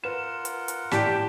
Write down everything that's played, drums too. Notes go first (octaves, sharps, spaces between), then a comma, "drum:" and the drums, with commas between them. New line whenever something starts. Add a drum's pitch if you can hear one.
F4 A#4 B4 F#5 E7
drum: hi-hat
drum: hi-hat
A2 G4 D5 A5 B6 D7, drum: snare